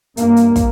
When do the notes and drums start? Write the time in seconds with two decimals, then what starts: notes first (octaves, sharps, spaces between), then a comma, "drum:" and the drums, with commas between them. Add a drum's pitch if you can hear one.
0.17 G2 A#3, drum: hi-hat
0.37 drum: hi-hat
0.56 drum: kick, hi-hat